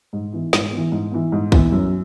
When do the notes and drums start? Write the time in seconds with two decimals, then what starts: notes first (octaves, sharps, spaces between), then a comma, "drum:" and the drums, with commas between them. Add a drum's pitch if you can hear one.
0.13 G#2
0.32 E3 B3
0.53 G#2, drum: snare
0.72 E3 B3
0.92 G#2
1.12 E3 B3
1.32 G#2
1.52 E3 B3, drum: kick
1.72 F#2